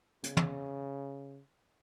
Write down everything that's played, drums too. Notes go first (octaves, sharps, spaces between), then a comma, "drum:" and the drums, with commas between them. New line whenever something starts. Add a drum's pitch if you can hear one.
C#3, drum: hi-hat
drum: tom